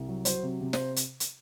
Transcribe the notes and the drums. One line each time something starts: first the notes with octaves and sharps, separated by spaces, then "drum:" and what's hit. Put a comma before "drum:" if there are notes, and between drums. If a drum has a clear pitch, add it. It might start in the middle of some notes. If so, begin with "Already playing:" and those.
Already playing: C2
F#3
F#3 C5, drum: hi-hat
C3
C3
C5, drum: snare
drum: hi-hat
drum: hi-hat